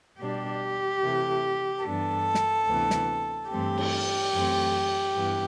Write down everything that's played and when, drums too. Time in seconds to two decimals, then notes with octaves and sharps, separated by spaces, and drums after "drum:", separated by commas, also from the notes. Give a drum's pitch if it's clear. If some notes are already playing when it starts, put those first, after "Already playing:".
0.20 B2 G3 D4 G4
1.03 C3 E3 A3
1.86 G2 E3 B3 D4 A4
2.35 drum: snare
2.68 D2 C3 E3 B3
2.90 drum: snare
3.51 G2 E3 A3 C4 G4
3.78 drum: cymbal
4.33 F#2 E3 A3 C4
5.16 G2 E3 B3